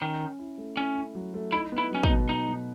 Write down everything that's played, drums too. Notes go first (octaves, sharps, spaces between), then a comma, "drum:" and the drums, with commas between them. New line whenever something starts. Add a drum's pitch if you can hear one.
D#3 C#4
C#4
E4
A3
C#4 E4
E4
F#3
A3
D#4 E4
B3
E4
F#3 C#4
D#4, drum: kick
B2
B2 D#4
B2